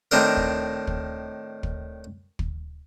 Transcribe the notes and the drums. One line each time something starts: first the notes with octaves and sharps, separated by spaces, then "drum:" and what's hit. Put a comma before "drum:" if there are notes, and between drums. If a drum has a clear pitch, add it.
A2 D#3 C4 D4 A#4
drum: kick
drum: kick
drum: kick
drum: kick